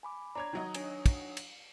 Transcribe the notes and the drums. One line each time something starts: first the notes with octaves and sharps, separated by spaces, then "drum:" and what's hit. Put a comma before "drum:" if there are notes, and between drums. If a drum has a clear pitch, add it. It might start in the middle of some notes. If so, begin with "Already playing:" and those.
G#5 B5 D6
D4 C#5 A#5 G#6
D#3 F#3 D#5
D4 C#5 G#5, drum: cymbal
drum: kick, cymbal
drum: cymbal